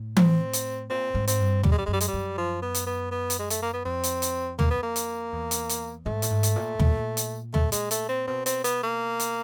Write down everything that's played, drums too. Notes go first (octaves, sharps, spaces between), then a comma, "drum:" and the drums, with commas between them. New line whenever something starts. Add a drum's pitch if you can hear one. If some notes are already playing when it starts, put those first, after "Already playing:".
Already playing: A2
C4, drum: tom E3
drum: hi-hat
A#2 C4
G#2
C4, drum: hi-hat
G2
F#2 G3, drum: tom
G#3
G3
F#2 G#3
G3
G#3, drum: hi-hat
G3
F#2
F3
B3
drum: hi-hat
B3
B3
drum: hi-hat
G#3
A3, drum: hi-hat
A#3
B3
F2 C4
drum: hi-hat
drum: hi-hat
A#3, drum: tom
B3
A#3
drum: hi-hat
E2
drum: hi-hat
drum: hi-hat
G#2 A3
A2, drum: hi-hat
G#2
drum: hi-hat
A#2
A#2, drum: tom
drum: hi-hat
A3, drum: tom
G#3, drum: hi-hat
A3, drum: hi-hat
C4
B2 C4
C4, drum: hi-hat
B3, drum: hi-hat
A#3
drum: hi-hat